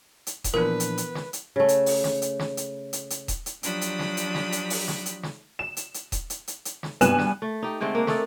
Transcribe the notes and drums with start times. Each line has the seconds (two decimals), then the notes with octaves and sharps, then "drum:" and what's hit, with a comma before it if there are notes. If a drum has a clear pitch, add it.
0.27 drum: hi-hat
0.44 drum: kick D#1, hi-hat
0.54 A#2 E3 F3 B3 D4 A#4 B4 F#6
0.80 drum: hi-hat
0.98 drum: hi-hat
1.15 drum: snare
1.33 drum: hi-hat
1.56 C#3 A3
1.68 drum: hi-hat
1.86 drum: open hi-hat
2.04 drum: snare
2.22 drum: hi-hat
2.39 drum: snare
2.57 drum: hi-hat
2.93 drum: hi-hat
3.10 drum: hi-hat
3.28 drum: kick D#1, hi-hat
3.46 drum: hi-hat
3.63 F3 F#3 D4 G4 B5 D#6, drum: hi-hat
3.81 drum: hi-hat
3.99 drum: snare
4.17 drum: hi-hat
4.35 drum: snare
4.52 drum: hi-hat
4.70 drum: open hi-hat
4.88 drum: snare
5.06 drum: hi-hat
5.23 drum: snare
5.59 E7
5.77 drum: hi-hat
5.94 drum: hi-hat
6.12 drum: kick D#1, hi-hat
6.30 drum: hi-hat
6.48 drum: hi-hat
6.65 drum: hi-hat
6.83 drum: snare
7.01 G2 B3 G#5 F#6 E7, drum: hi-hat
7.18 drum: snare
7.42 A3
7.62 D#4 G4
7.81 D3 G#3 A3 C4
7.95 A#3 D4
8.07 A3 D4 D#4 A4, drum: snare